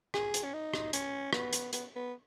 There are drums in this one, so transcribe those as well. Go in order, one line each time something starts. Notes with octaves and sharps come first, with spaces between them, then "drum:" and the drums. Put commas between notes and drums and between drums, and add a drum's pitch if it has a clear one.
G#4, drum: rim click
drum: hi-hat
C#4
D#4
drum: rim click
C#4, drum: hi-hat
B3, drum: rim click
drum: hi-hat
B3, drum: hi-hat
B3